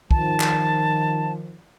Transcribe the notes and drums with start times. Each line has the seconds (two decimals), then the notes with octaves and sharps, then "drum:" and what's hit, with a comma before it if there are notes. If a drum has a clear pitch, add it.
0.11 D#3 F3 A5, drum: kick
0.40 drum: clap